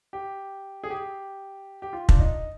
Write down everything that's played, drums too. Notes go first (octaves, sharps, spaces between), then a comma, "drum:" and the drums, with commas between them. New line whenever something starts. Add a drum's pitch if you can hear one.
G4
G#4
G4
G4
F4
D4, drum: kick
D#4